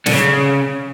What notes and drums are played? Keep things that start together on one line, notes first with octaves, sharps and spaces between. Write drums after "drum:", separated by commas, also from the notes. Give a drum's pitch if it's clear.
D3, drum: snare
C#3